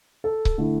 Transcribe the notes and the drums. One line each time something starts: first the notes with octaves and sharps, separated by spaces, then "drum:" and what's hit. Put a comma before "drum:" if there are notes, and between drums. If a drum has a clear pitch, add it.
A4
drum: kick C#1
D3 A3 E4